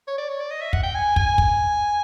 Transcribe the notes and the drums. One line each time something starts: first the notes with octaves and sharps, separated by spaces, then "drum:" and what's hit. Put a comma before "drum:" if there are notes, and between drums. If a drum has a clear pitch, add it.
C#5
D5
C#5
D5
D#5
E5
F#5, drum: kick
G5
G#5
G#5, drum: kick
drum: kick